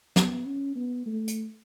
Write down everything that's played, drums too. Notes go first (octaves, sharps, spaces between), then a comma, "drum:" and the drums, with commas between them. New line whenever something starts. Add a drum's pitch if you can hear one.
B3, drum: snare
C#4
B3
A3
drum: hi-hat